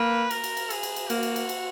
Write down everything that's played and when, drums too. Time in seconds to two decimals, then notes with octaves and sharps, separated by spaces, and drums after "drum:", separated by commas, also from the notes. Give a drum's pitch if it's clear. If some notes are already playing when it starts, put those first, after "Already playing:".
Already playing: A#3 B4
0.31 A#4, drum: cymbal
0.44 drum: cymbal
0.57 drum: cymbal
0.70 G#4, drum: cymbal
0.83 drum: cymbal
0.96 drum: cymbal
1.10 A#3 F#4, drum: cymbal
1.23 drum: cymbal
1.36 drum: cymbal
1.49 drum: cymbal